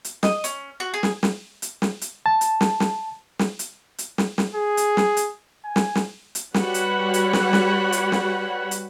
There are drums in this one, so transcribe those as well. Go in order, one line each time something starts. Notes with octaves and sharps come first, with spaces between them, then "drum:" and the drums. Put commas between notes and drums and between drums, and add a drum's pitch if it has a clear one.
drum: hi-hat
D#5, drum: snare
C#4, drum: hi-hat
F#4
G#4
drum: snare
drum: snare
drum: hi-hat
drum: snare
drum: hi-hat
A5
drum: hi-hat
drum: snare
drum: snare
drum: snare
drum: hi-hat
drum: hi-hat
drum: snare
drum: snare
G#4
drum: hi-hat
drum: snare
drum: hi-hat
G#5
drum: snare
drum: snare
drum: hi-hat
G3 F#4 B4 C#5 F#5 B5, drum: snare
drum: hi-hat
drum: hi-hat
drum: snare
drum: snare
drum: hi-hat
drum: snare
drum: hi-hat